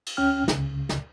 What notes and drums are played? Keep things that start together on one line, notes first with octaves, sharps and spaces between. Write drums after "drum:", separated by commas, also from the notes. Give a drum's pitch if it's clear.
drum: cymbal
D2 C#4 G5 F6
C#2 C#3, drum: snare
drum: snare